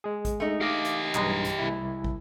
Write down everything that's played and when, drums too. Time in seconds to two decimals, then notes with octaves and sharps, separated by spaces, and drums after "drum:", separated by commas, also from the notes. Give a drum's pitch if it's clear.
0.04 G#3 G#4
0.25 drum: kick, hi-hat
0.40 A3 D#4
0.61 G4 D#5 F5 D6
0.85 drum: hi-hat
1.15 B1 G2 E3 G#3 A#5, drum: clap
1.45 drum: hi-hat
1.59 C2 E4
2.04 drum: kick